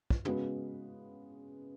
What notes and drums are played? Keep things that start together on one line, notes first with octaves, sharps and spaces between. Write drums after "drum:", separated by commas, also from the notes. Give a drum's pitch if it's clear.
drum: kick
C#3 G#3 B3 F#4 B4, drum: tom